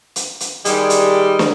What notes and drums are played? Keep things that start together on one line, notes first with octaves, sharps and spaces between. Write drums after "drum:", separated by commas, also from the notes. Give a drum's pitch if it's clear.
drum: hi-hat
drum: hi-hat
D#3 G3 G#3, drum: hi-hat
drum: hi-hat
drum: snare